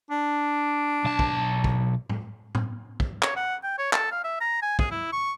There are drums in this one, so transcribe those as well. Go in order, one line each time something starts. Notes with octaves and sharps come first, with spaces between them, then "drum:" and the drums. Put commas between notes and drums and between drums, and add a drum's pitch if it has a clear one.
D4
B1 A5
drum: kick
drum: kick
drum: tom
drum: tom
drum: kick
C#5, drum: clap
F#5
G5
C#5
A4, drum: clap
F5
E5
A#5
G#5
G#4, drum: kick
E4
C#6